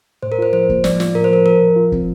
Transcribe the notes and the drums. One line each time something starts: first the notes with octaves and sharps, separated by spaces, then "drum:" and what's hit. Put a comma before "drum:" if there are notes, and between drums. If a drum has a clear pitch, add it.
A2 C5
A#4
F4 C5
F3 C5
A#3, drum: kick
F3 D5, drum: snare
F4, drum: snare
A2 A#4
C5
F3 A#4
F3 A#4
A#2
F4
C4, drum: kick